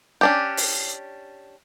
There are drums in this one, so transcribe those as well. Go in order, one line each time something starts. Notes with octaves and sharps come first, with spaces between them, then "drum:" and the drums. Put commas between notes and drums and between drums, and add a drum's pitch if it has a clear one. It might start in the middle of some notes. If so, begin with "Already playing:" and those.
C#4 D4 G4
drum: open hi-hat